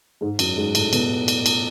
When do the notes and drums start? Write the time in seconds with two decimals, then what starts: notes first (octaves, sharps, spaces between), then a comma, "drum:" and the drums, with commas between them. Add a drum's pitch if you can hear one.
0.21 G#2 G#3
0.39 F#2 F#3, drum: cymbal
0.57 G#2 G#3
0.75 A2 A3, drum: cymbal
0.93 B2 B3, drum: cymbal
1.28 drum: cymbal
1.46 drum: cymbal